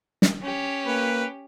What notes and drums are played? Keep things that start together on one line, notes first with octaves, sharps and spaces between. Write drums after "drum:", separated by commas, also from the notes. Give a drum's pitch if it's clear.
drum: snare
C#4 G4
A#3 B4